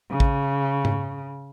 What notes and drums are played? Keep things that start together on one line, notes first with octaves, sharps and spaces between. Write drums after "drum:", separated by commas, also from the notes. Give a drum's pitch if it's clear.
C#3
drum: kick A1
drum: tom G#2